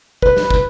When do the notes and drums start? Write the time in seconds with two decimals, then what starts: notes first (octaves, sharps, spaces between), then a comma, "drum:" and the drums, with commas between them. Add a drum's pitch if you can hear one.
0.22 B4, drum: kick
0.36 drum: snare
0.50 drum: kick